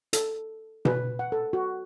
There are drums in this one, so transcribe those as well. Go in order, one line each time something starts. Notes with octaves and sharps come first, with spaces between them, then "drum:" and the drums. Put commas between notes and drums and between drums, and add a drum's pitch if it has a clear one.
A4, drum: hi-hat
B4, drum: tom B2
F#5
A4
F#4